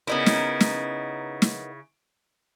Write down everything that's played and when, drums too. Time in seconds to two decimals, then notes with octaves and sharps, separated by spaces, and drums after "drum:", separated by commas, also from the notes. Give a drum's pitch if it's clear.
0.07 C#3 B3 D#4 E4 A#4
0.26 drum: snare
0.60 drum: snare
1.42 drum: snare